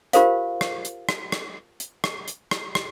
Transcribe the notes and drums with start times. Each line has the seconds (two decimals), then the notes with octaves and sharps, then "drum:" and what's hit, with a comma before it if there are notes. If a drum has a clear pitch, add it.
0.13 F4 G4 A#4 C5 F5, drum: hi-hat
0.61 drum: rim click
0.85 drum: hi-hat
1.09 drum: rim click
1.32 drum: rim click
1.80 drum: hi-hat
2.04 drum: rim click
2.28 drum: hi-hat
2.51 drum: rim click
2.75 drum: rim click